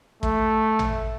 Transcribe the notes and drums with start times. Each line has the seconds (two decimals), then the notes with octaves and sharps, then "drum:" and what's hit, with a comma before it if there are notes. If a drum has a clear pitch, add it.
0.23 A3, drum: kick
0.79 drum: tom